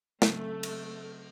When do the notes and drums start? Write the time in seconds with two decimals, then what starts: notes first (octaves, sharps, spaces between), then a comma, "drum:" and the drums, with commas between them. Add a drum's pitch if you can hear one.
0.22 C#3 F#3 A3 C4, drum: snare
0.63 drum: cymbal